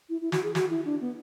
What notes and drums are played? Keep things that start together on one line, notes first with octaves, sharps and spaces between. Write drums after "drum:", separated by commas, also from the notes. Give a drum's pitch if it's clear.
E4
E4
F#4, drum: snare
G#4
F#4, drum: snare
E4
D4
B3